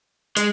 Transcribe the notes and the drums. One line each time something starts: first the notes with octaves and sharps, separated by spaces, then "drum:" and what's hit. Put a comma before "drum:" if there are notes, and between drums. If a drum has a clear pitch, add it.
G#3, drum: hi-hat